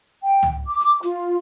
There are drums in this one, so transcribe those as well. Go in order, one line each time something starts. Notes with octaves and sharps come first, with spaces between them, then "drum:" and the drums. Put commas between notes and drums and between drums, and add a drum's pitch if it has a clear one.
G5
drum: tom C#2
D6
drum: hi-hat
F4, drum: hi-hat